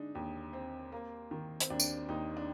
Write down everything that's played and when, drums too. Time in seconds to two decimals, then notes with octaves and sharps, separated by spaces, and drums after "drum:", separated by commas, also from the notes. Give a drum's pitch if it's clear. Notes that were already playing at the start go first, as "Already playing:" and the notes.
Already playing: D3 G#3 D4 D#4
0.15 D#2
0.53 C4
0.92 A#3
1.31 D#3
1.60 C4, drum: hi-hat
1.70 D#2 D4
1.80 drum: tambourine
2.08 D#2 D#4
2.37 D4